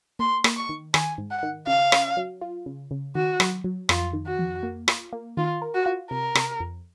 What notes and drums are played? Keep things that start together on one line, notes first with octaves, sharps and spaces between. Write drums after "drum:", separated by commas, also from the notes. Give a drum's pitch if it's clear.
A#3 C6
A#3, drum: rim click
C#6
D#3
D#3 G#5, drum: rim click
G#2
F#5
D#3
C#3 F5
C#4, drum: rim click
F#3
F4
C#3
C#3
D#3 F#4
F#3, drum: rim click
F#3
F2 F4, drum: rim click
D#3
F#4
F2
A#3
F4, drum: rim click
A#3
D#3 F4
A#4
F#4
F4
C3 A#4
C3, drum: rim click
F2